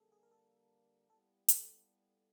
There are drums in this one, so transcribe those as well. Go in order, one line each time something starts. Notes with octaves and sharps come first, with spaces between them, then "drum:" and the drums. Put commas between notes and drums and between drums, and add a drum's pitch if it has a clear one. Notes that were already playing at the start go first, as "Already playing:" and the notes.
Already playing: F2 D3 G3 A#3 G#4 A4
G#4
A#4
A4
A#2 G3 B3 E4 G4 A4
A4, drum: hi-hat